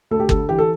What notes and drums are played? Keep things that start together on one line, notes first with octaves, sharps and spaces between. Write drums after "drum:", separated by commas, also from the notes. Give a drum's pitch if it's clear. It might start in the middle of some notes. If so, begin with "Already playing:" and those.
D2 A4
G4
D3 A4, drum: kick G1
E3 G4
A4